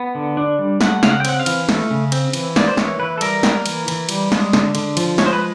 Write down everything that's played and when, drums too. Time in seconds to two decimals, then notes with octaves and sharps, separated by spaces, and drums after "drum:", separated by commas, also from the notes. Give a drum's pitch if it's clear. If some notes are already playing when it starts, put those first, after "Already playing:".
Already playing: B3
0.15 D3
0.37 D4
0.59 G3
0.81 A3 F#5, drum: snare
1.03 C#3 F5, drum: snare
1.10 F#5
1.20 G5
1.25 C4 F#5, drum: cymbal
1.40 F5
1.46 E3, drum: cymbal
1.69 A3, drum: snare
1.91 C#3
2.12 C4, drum: cymbal
2.33 E3, drum: cymbal
2.56 A#3 D5, drum: snare
2.68 C5
2.77 E3 C#5, drum: snare
2.99 E3 B4
3.18 A4
3.21 G3 A#4, drum: cymbal
3.43 A#3, drum: snare
3.66 E3, drum: cymbal
3.88 E3, drum: cymbal
4.09 G3, drum: cymbal
4.32 G#3, drum: snare
4.53 D3, drum: snare
4.75 D3, drum: cymbal
4.97 F3, drum: cymbal
5.18 G#3 C#5, drum: snare
5.26 C5
5.33 B4